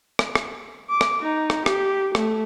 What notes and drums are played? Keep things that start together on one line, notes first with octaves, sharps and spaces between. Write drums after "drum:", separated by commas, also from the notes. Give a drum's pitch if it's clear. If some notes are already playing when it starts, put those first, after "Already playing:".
drum: rim click
drum: rim click
D6
drum: rim click
D#4
drum: rim click
G4, drum: rim click
A3, drum: rim click